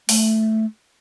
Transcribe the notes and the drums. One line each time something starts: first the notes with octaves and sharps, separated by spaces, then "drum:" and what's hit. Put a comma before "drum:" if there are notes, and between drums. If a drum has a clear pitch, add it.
A3, drum: open hi-hat